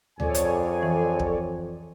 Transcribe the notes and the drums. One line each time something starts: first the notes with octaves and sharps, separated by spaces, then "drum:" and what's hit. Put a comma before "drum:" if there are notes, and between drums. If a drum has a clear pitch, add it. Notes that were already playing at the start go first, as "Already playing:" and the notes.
F2 G#4 A4 C#5 D5 G#5, drum: tom D2
drum: hi-hat
E3
drum: kick